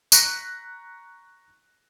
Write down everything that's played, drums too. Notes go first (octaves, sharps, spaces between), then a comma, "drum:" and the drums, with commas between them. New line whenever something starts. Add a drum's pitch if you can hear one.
A#5 C#6 F#6 A#6 B6 C#7, drum: tambourine